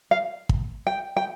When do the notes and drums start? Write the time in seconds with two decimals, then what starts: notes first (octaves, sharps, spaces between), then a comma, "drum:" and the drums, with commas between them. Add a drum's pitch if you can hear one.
0.11 F5
0.49 drum: kick
0.87 G5
1.17 G5